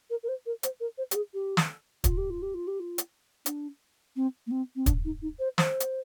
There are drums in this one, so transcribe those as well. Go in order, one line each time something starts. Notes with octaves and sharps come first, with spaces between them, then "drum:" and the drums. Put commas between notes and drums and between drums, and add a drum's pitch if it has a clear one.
A#4
A#4
C5
A#4
C5, drum: hi-hat
A#4
C5
G4, drum: hi-hat
G#4
G4
drum: snare
F4, drum: kick, hi-hat
G4
F4
G4
F4
G4
F4
drum: hi-hat
D4, drum: hi-hat
C4
A#3
C4
C4
D4, drum: kick, hi-hat
D#4
D#4
C5
C5, drum: snare
drum: hi-hat